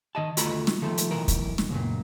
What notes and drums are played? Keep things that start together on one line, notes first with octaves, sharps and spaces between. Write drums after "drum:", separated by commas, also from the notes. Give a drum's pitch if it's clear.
D#3 D#5 A5
D2 A3 F4 F#4 A#5 B5, drum: hi-hat
drum: snare
D#3 F3 A3
drum: hi-hat
B1 E3 A#4
drum: kick, hi-hat
drum: snare
C#2 F#2 A#2